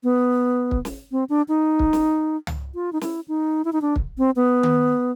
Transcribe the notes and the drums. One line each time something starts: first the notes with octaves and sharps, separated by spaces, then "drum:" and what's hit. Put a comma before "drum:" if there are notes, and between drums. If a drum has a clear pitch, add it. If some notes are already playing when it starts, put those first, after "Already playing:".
B3
drum: kick
drum: snare
C4
D4
D#4
drum: kick
drum: snare
drum: tom
F4
D#4
E4, drum: snare
D#4
E4
D#4
D4
drum: kick
C4
B3
drum: tom D#3